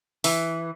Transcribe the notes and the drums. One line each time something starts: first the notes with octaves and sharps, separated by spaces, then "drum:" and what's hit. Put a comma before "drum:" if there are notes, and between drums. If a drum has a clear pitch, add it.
E3, drum: open hi-hat